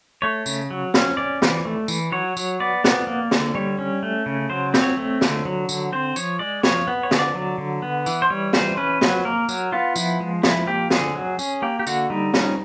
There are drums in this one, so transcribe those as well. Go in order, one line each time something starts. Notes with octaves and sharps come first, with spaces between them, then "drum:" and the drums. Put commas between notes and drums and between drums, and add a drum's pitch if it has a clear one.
A3 C#5
C#3, drum: tambourine
F#3
C#4, drum: snare
C#4 D5
E3, drum: snare
A3
E3, drum: tambourine
F#3 C#5
F#3, drum: tambourine
B3 D5
B3, drum: snare
A#3
D3, drum: snare
G3 C#5
C#4
A3
C#3
F#3 C5
C4, drum: snare
C#5
A3
D3, drum: snare
F#3
D3, drum: tambourine
C4 C5
F3 C#5, drum: tambourine
G#3 D5
F3 C#5, drum: snare
B3
C#5
D3, drum: snare
D5
F#3
D3
B3
E3, drum: tambourine
C5
G3 C#5
E3 C5, drum: snare
C#4 B4
F#3, drum: snare
A#3 A#4
F#3, drum: tambourine
B3 F4
F3 E4, drum: tambourine
G#3
F3 E4, drum: snare
A#3 G4
D3 G#4, drum: snare
F#3
C#4, drum: tambourine
A#3 G4
G4
D3 F#4, drum: tambourine
G3 D#4
C#4, drum: snare